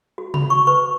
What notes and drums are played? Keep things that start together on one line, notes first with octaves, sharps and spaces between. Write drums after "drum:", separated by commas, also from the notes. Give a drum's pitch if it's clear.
F#4
B5, drum: tom C#3
F#4
C#6
B4 C#6